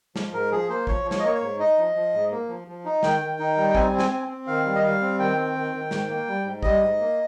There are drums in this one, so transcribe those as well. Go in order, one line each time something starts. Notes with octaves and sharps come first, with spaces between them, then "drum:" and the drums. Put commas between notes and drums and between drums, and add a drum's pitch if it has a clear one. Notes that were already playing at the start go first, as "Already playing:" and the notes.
F3, drum: snare
G#2 A#4
F3 G#4
A#3 C5
F3 C#5, drum: kick
F3
C#5, drum: snare
D#5
A#3 C#5
C#5
G#2
D#4 D#5
F3
F3
G#2
A#3
F3
F3
D#4
D#3 G5, drum: snare
D#3
D#4
G3
G5
C4 G#5, drum: kick
C4
G#5, drum: snare
C4
C4
D#3 F5
G3
D#5
G3 F5
C4
D#3 G5
C4
D#3
D#3
G#2, drum: snare
A#3
G3
G#2
G3 D#5, drum: kick
G#2
A#3